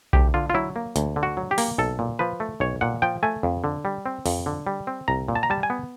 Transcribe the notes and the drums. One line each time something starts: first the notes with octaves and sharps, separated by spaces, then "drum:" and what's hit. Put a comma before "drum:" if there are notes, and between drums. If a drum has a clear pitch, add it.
D2 G4, drum: kick B1
D3 F4
F4
F#3 E4
A#3
D2, drum: hi-hat
D3
F#4
F#3
G4
A#3, drum: open hi-hat
B1 A4
A#2
F3 B4
A3
B1 C#5
A#2 F#5
F3 G5
A3 G#5
F2
D3
G3
C4
F2, drum: open hi-hat
D3
G3
C4
C2 A#5
A#2
A5
A#5
G3 A5
G#5
B3